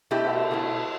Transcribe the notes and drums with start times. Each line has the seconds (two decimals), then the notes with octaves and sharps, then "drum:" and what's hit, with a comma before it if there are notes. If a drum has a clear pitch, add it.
0.11 B2 A3 E4 G4
0.24 drum: cymbal
0.51 B2 A3 E4